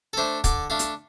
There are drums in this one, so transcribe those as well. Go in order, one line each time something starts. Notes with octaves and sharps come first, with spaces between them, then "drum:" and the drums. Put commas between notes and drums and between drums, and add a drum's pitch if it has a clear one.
A4
A3 D4 C5
D3 D5, drum: kick, hi-hat
A3 D4 F5
drum: hi-hat